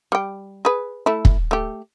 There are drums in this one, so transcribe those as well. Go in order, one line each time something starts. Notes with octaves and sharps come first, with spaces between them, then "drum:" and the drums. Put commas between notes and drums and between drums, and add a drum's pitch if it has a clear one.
G3 G5
G#4 B4
A3 E4
drum: kick
A3 G4